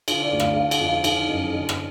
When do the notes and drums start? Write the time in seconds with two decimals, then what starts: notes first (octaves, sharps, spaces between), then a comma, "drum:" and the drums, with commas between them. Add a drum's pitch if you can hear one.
0.08 D3 F4, drum: cymbal
0.23 D5
0.32 D2
0.40 F5, drum: rim click
0.56 D3 F5
0.71 F#5, drum: cymbal
0.80 F2
0.88 F5
1.04 D#3 F5, drum: cymbal
1.28 F#2 D#5
1.53 D3 D#5
1.69 drum: rim click